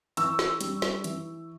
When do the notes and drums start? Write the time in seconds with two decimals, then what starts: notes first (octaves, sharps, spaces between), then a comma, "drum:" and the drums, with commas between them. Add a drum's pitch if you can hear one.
0.17 E3 C#6 E6, drum: hi-hat
0.39 drum: snare
0.61 G3 D4, drum: hi-hat
0.82 drum: snare
1.04 E3, drum: hi-hat